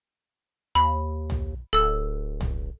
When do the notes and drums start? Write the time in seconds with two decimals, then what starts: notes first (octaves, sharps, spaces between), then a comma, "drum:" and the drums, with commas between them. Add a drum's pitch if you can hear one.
0.75 D#2 B5
1.30 drum: tom
1.73 D1 A4 E6
2.41 drum: tom